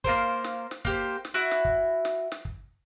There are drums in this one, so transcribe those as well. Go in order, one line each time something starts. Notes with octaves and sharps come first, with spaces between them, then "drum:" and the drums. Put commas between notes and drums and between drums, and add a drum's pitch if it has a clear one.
A#3 F4 A#4 C5, drum: kick
drum: snare
drum: snare
A#3 G4 C5, drum: kick
drum: snare
E4 F#4
drum: snare
drum: kick
drum: snare
drum: snare
drum: kick